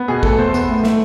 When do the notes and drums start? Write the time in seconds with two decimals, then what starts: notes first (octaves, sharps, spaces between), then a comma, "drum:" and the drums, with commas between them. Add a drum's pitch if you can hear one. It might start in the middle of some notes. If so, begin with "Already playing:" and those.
Already playing: B3
0.08 B2 G#4
0.23 A3 A4, drum: kick
0.38 E2 C5
0.54 B3, drum: tambourine
0.69 A2
0.84 A3, drum: snare